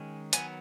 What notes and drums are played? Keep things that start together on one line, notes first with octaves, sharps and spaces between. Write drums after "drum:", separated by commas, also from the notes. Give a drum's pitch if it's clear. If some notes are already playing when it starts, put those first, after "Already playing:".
Already playing: D#3 G#3 C#4
D#3 F#3 B3 G#5, drum: hi-hat